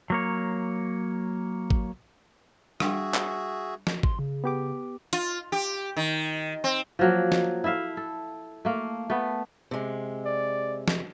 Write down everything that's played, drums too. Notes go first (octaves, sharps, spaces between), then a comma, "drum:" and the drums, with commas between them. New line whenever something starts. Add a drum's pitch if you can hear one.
F#3 A#3 C#5
drum: kick G#1
G3 D4 F#4 G#4 E5 G5, drum: rim click
drum: clap
drum: snare
C6, drum: kick G#1
C#3
B3 G4 D6
F4, drum: hi-hat
G4
D#3
C4
F3 F#3 A#3
drum: snare
E4 A4 E5 F5
A4
A3 A#3
A3 B3
C3 G#3
D5
drum: snare